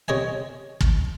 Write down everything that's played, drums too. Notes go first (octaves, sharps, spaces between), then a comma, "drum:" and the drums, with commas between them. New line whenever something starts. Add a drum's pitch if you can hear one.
C3 C#5 D#5 G#5
drum: kick